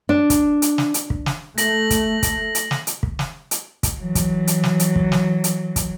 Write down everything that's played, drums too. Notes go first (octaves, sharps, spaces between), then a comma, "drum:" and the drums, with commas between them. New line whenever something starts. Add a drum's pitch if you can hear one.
D4
drum: kick, hi-hat
drum: hi-hat
drum: snare
drum: hi-hat
drum: kick
drum: snare
A3 A#6 F#7, drum: hi-hat
drum: kick, hi-hat
drum: kick, hi-hat
drum: hi-hat
drum: snare
drum: hi-hat
drum: kick
drum: snare
drum: hi-hat
drum: kick, hi-hat
E3 F#3
drum: kick, hi-hat
drum: hi-hat
drum: snare
drum: hi-hat
drum: kick
drum: snare
drum: hi-hat
drum: kick, hi-hat